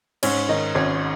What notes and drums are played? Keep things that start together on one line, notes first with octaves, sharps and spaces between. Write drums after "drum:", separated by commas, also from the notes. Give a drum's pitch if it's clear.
G#2 C#4 C#5, drum: cymbal
D#3 D#4 D#5
G#1 C#4 C#5